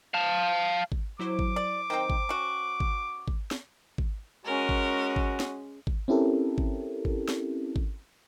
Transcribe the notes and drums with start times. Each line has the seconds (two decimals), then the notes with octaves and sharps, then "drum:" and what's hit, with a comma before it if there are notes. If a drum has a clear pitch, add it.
0.14 F5 A5
0.92 drum: kick G#1
1.19 F#3 E4 C5 D6
1.39 drum: kick G#1
1.56 D5
1.90 D#3 C4 C5 G5 A#5
2.10 drum: kick G#1
2.29 C#4 F#4
2.80 drum: kick G#1
3.28 drum: kick G#1
3.51 drum: snare
3.98 drum: kick G#1
4.46 G#3 C#4 F#4 A#4
4.69 drum: kick G#1
5.16 drum: kick G#1
5.40 drum: snare
5.87 drum: kick G#1
6.08 C4 C#4 E4 G4 A4 A#4
6.58 drum: kick G#1
7.05 drum: kick G#1
7.29 drum: snare
7.76 drum: kick G#1